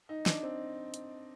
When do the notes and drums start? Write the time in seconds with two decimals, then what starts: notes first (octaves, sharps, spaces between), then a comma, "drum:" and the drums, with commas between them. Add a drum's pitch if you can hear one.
0.09 D#4
0.26 D4, drum: snare
0.43 C4
0.94 drum: hi-hat